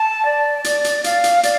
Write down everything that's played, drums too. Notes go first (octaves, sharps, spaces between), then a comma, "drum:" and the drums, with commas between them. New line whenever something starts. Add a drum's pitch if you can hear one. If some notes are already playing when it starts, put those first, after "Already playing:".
Already playing: A5
D5
D5, drum: hi-hat
drum: hi-hat
F5, drum: hi-hat
drum: hi-hat
D5, drum: hi-hat